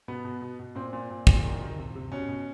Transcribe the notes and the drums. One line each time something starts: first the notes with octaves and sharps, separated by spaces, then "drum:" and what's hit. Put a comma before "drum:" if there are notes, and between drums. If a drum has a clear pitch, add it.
B2 B3
B2
B2
B2
A#2 C4
A#2
A#2
A#2, drum: kick
D#3
D#3
C3
C3
B2 C#4
B2